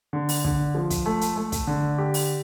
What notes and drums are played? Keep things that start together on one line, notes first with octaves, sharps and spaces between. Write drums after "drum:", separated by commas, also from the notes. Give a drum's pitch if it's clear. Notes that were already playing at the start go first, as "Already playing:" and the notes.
D3
drum: open hi-hat
D3, drum: kick
F3
drum: kick, hi-hat
A3
drum: hi-hat
A3
drum: kick, hi-hat
D3
G4
drum: open hi-hat